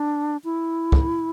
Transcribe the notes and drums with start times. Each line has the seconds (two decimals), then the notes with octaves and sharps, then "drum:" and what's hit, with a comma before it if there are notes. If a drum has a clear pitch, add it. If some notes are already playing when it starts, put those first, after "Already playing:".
Already playing: D4
0.44 E4
0.92 drum: kick